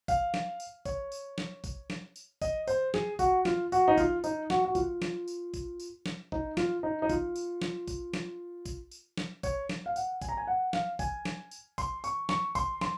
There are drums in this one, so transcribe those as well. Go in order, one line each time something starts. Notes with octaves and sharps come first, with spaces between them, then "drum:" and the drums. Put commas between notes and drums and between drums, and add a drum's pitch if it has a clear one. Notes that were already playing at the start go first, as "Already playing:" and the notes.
F5, drum: kick, tambourine
drum: snare
drum: tambourine
C#5, drum: kick, tambourine
drum: tambourine
drum: snare
drum: kick, tambourine
drum: snare
drum: tambourine
D#5, drum: kick, tambourine
C5, drum: tambourine
G#4, drum: snare
F#4, drum: kick, tambourine
F4, drum: snare
F#4, drum: tambourine
D#4
F4, drum: kick, tambourine
D#4, drum: tambourine
F#4, drum: snare
F#4
F4, drum: kick, tambourine
drum: snare
drum: tambourine
drum: kick, tambourine
drum: tambourine
drum: snare
D#4, drum: kick
F4, drum: snare
D#4
D#4
F4, drum: kick, tambourine
drum: tambourine
drum: snare
drum: kick, tambourine
drum: snare
drum: kick, tambourine
drum: tambourine
drum: snare
C#5, drum: kick, tambourine
drum: snare
F5
F#5, drum: tambourine
G#5, drum: kick, tambourine
A#5
G#5
F#5
F5, drum: snare
G#5, drum: kick, tambourine
drum: snare
drum: tambourine
C6, drum: kick, tambourine
C#6, drum: tambourine
C#6, drum: snare
C6, drum: kick, tambourine
C6, drum: snare